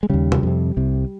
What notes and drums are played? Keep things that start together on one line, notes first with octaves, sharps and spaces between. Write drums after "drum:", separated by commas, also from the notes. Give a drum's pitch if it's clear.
G#3
D#2 C#3 G3
drum: tom
F2 C3
C2 C3